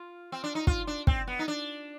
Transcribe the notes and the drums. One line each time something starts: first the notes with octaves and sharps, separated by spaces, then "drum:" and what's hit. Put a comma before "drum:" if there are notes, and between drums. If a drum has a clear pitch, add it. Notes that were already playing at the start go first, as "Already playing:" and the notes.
Already playing: F4
C4
D4
D#4
F4, drum: kick
D4
C4, drum: kick
B3
D#4
D4